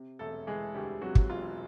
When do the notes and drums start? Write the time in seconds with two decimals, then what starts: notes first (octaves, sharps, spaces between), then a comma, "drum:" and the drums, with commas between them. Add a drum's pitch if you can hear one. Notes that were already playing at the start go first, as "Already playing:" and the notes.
Already playing: C3
0.19 E1 A3 A4
0.47 E3 G#3 G#4
0.74 D2 G3 G4
1.01 C3 F#3 F#4
1.15 drum: kick
1.29 E1 F4